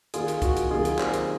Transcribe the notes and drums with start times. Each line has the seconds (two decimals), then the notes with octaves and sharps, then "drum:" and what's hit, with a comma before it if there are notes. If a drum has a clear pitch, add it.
0.14 D#3 A#3 F4 G#4, drum: hi-hat
0.28 drum: hi-hat
0.42 F#4, drum: kick, hi-hat
0.57 drum: hi-hat
0.70 C3 D#3 F#3 A#3 F4 G#4
0.85 drum: hi-hat
0.99 G#4 C5, drum: clap
1.14 drum: hi-hat